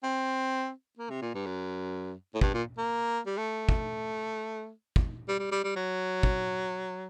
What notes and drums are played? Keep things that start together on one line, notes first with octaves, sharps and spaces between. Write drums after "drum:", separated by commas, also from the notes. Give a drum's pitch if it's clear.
C4
A#3
C3
A#2
G2
F#2
A2
G2, drum: kick
A#2
A#3
G3
A3
drum: kick
drum: kick
G3
G3
G3
G3
F#3
drum: kick